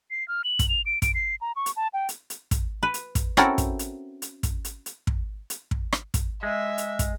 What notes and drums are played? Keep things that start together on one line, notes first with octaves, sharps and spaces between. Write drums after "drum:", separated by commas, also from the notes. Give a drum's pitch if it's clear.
C7
F6
F#7
drum: kick, hi-hat
F7
D7
D7, drum: kick, hi-hat
C7
A#5
C#6
drum: hi-hat
A5
G5
drum: hi-hat
drum: hi-hat
drum: kick, hi-hat
B4
drum: hi-hat
drum: kick, hi-hat
C4 C#4 E4 F#4 A4 A#4, drum: rim click
drum: kick, hi-hat
drum: hi-hat
drum: hi-hat
drum: kick, hi-hat
drum: hi-hat
drum: hi-hat
drum: kick
drum: hi-hat
drum: kick
drum: rim click
drum: kick, hi-hat
G#3 E5
drum: hi-hat
drum: kick, hi-hat